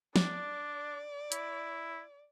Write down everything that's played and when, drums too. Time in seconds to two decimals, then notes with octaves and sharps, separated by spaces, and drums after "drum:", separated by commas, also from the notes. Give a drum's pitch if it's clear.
0.16 D4 D5, drum: snare
1.32 E4, drum: hi-hat